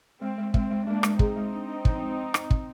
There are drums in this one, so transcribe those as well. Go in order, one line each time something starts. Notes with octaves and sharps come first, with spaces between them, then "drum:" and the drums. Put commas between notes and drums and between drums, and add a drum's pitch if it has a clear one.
G#3 C4
G#3
G#3 C4, drum: kick
G#3
G#3 A#3 D4
G#3, drum: rim click
C4 D#4 G#4, drum: kick
G#3
D4
D4
F3, drum: kick
G#3
drum: rim click
drum: kick